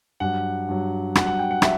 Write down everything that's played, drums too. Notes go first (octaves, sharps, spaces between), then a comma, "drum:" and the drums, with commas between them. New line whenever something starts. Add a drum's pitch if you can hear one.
G2 F#3 F#5
G2 F#3
G2 F#3 F#5, drum: rim click
F#5
G5
F#5
F#3 E5, drum: rim click